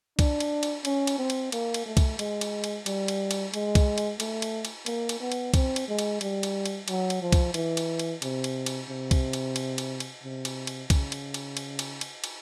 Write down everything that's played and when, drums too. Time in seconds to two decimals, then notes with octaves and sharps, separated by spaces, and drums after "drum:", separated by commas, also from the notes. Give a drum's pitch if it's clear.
0.19 D4, drum: kick C2, cymbal
0.40 drum: cymbal
0.63 drum: cymbal
0.85 C#4, drum: cymbal
1.07 drum: cymbal
1.18 C4
1.30 drum: cymbal
1.52 A#3, drum: cymbal
1.74 drum: cymbal
1.86 A3
1.97 drum: kick C2, cymbal
2.19 G#3, drum: cymbal
2.41 drum: cymbal
2.64 drum: cymbal
2.86 G3, drum: cymbal
3.08 drum: cymbal
3.31 drum: cymbal
3.54 G#3, drum: cymbal
3.75 drum: kick C2, cymbal
3.98 drum: cymbal
4.20 A3, drum: cymbal
4.42 drum: cymbal
4.65 drum: cymbal
4.86 A#3, drum: cymbal
5.09 drum: cymbal
5.20 B3
5.32 drum: cymbal
5.54 C4, drum: kick C2, cymbal
5.76 drum: cymbal
5.88 G#3
5.99 drum: cymbal
6.21 G3, drum: cymbal
6.43 drum: cymbal
6.66 drum: cymbal
6.88 F#3, drum: cymbal
7.10 drum: cymbal
7.22 F3
7.32 drum: kick C2, cymbal
7.54 E3, drum: cymbal
7.77 drum: cymbal
7.99 drum: cymbal
8.22 C3, drum: cymbal
8.44 drum: cymbal
8.66 drum: cymbal
8.89 C3
9.11 drum: kick C2, cymbal
9.33 drum: cymbal
9.56 drum: cymbal
9.78 drum: cymbal
10.00 drum: cymbal
10.23 C3
10.45 drum: cymbal
10.67 drum: cymbal
10.90 C#3, drum: kick C2, cymbal
11.12 drum: cymbal
11.34 drum: cymbal
11.57 drum: cymbal
11.79 drum: cymbal
12.01 drum: cymbal
12.24 drum: cymbal